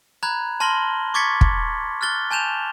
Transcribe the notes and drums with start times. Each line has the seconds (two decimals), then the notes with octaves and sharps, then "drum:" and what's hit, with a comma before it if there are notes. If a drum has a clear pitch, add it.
0.23 A#5 B5 F#6 G#6
0.60 A5 C6 F6 A#6 F#7 G7
1.14 C#6 D6 G#6 A6 B6 C#7
1.41 drum: kick
2.01 F6 F#6 A6 G7
2.31 G#5 A5 G6 E7 F7